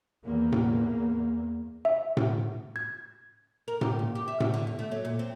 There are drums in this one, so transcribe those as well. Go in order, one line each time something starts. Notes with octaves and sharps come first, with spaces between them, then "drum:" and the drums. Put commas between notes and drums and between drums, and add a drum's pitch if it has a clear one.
E2 A#3
drum: tom A2
E5
drum: tom A2
G#6
A#4
G4, drum: tom A2
A#2
G4
E5
A3, drum: tom A2
D3
E2
A3
F#3
A#2
C4